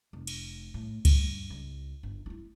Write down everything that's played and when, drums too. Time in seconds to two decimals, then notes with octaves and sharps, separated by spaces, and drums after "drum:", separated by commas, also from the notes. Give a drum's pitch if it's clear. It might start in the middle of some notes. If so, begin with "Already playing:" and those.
0.13 F1
0.27 drum: cymbal
0.74 A2
1.05 G2, drum: kick C#2, cymbal
1.50 C#2
2.03 G1
2.26 D#4 E4